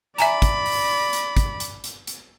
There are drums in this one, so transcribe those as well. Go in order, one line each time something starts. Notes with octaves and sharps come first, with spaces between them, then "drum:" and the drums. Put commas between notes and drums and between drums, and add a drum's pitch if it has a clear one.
D5 E5 G#5 A#5 B5, drum: hi-hat
drum: kick, hi-hat
drum: open hi-hat
drum: hi-hat
drum: kick, hi-hat
drum: hi-hat
drum: hi-hat
drum: hi-hat